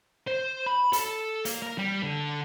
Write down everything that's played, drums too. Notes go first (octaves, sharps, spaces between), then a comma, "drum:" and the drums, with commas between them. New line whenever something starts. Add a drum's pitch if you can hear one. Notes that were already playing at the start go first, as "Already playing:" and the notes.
C5
B5
A4, drum: hi-hat
A#3, drum: hi-hat
A#4
G3
D3